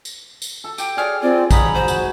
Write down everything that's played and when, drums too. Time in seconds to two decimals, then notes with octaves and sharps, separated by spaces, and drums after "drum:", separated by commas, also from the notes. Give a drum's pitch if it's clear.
0.05 drum: tambourine
0.42 drum: tambourine
0.64 A4
0.78 G4 G5, drum: tambourine
0.97 G#4 A4 C#5 D5 F6
1.22 C4 F4 D5
1.51 G#2 C#5 A#5 B5 D#6, drum: kick A#1, tambourine
1.75 F#4 C5
1.88 drum: tambourine